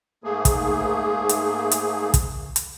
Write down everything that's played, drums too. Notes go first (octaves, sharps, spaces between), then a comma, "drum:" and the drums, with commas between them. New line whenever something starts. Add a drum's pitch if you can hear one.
G#2 A3 A#3 G#4
drum: kick, hi-hat
drum: hi-hat
drum: hi-hat
drum: kick, hi-hat
drum: hi-hat